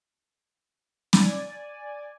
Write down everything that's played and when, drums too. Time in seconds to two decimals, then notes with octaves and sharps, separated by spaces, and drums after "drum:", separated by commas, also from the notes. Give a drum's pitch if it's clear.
1.13 D5 G#5, drum: snare